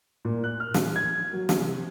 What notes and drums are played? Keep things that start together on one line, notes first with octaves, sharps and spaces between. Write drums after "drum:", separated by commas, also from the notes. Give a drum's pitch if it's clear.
A#2
F#6
F6
drum: snare
G#6
F#3
drum: snare
C3